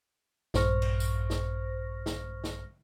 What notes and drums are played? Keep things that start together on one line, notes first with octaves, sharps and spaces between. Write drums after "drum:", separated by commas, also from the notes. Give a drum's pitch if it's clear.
A#1 G2 C5 C#6 F6 A#6, drum: snare
drum: cymbal
drum: tambourine
drum: snare
drum: snare
drum: snare